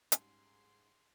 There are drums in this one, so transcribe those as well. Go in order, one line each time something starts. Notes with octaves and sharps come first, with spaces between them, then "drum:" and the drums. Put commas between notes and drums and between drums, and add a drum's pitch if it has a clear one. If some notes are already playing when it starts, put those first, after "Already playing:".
G#2 G3 C#4 G#4 C6, drum: hi-hat